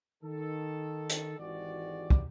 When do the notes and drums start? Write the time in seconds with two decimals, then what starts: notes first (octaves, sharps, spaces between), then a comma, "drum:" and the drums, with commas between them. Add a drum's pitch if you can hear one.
0.23 D#3 A4
1.10 drum: hi-hat
1.39 G#1 E3 G#3 F#4 G4 D5
2.10 drum: kick